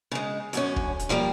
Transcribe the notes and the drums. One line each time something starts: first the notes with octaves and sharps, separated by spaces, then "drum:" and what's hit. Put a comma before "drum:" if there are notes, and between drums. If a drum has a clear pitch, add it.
C#3 G#3
F#2 D3 C#4, drum: hi-hat
drum: kick
drum: hi-hat
F3 G3 A#3 A#4